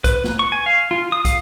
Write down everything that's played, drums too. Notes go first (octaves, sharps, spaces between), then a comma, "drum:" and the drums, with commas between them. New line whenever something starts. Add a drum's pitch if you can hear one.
B4, drum: kick, hi-hat
drum: snare
C#6
G#5
F5
F4
D#6
F5, drum: kick, hi-hat